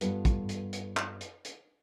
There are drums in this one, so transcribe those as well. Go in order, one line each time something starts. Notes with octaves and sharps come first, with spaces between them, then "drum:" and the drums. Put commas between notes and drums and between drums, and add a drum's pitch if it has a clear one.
G2 G3 B3 F4 A4 B4, drum: hi-hat
drum: kick, hi-hat
drum: hi-hat
drum: hi-hat
drum: clap
drum: hi-hat
drum: hi-hat